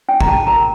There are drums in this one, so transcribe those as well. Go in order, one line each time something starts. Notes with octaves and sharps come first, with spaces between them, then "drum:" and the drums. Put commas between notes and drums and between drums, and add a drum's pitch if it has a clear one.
D4 G5
A#5, drum: kick
G4 A5
A#4 A#5